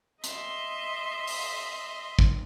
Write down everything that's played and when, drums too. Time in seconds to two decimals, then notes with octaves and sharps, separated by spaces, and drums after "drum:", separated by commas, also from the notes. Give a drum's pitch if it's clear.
0.24 D#5 E5 C6, drum: hi-hat
1.28 drum: open hi-hat
2.19 drum: kick